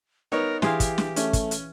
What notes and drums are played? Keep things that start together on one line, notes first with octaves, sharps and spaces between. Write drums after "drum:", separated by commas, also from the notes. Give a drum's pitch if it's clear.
B3 D#4 A#4 C#5
E3 G4 G#4 F5 C6, drum: snare
drum: kick, hi-hat
drum: snare
A3 C#4, drum: hi-hat
drum: kick, hi-hat
drum: hi-hat